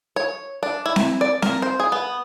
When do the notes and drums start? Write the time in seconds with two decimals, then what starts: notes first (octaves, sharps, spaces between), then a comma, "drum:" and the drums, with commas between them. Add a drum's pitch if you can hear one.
0.16 C#5
0.63 D4
0.86 E4
0.96 drum: snare C4
1.21 D5
1.42 A#4, drum: snare C4
1.62 C5
1.80 G#4
1.92 B3